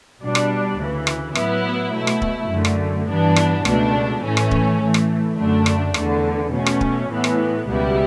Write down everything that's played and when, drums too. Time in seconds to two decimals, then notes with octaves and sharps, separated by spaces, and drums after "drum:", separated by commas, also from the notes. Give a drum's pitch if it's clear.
0.21 B2 G3 D4
0.35 drum: rim click
0.78 D2 C#3 E3
1.07 drum: rim click
1.35 A2 F#3 B3 E4, drum: rim click
1.93 B2 A3 E4
2.07 drum: rim click
2.22 drum: kick
2.50 F#2 D3 A3
2.65 drum: rim click
3.08 G2 E3 B3 D4
3.36 drum: rim click
3.65 C#2 B2 A3 D4, drum: rim click
4.23 A2 E3 A3 C#4
4.37 drum: rim click
4.51 drum: kick
4.80 A2 E3 A3
4.94 drum: rim click
5.37 F#2 D3 A3 D4
5.66 drum: rim click
5.94 E2 D3 A3, drum: rim click
6.52 B2 A3 C#4
6.66 drum: rim click
6.81 drum: kick
7.09 A2 E3 B3
7.24 drum: rim click
7.67 C#2 B2 G3 B3 E4